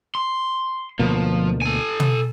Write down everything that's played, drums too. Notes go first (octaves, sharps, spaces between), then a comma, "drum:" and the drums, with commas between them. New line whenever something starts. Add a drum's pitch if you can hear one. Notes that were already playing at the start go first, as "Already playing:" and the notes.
C6
D2 B2 F3 A#3
A4 G#5
drum: tom